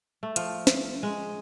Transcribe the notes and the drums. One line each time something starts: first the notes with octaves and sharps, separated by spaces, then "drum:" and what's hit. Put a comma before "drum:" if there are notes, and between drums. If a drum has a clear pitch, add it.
A3
F3, drum: hi-hat
drum: snare
G#3